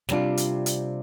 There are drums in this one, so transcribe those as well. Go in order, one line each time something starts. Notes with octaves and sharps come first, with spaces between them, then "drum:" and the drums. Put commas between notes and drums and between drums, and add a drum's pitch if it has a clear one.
C3 G3 D4 F4, drum: snare
drum: hi-hat
drum: hi-hat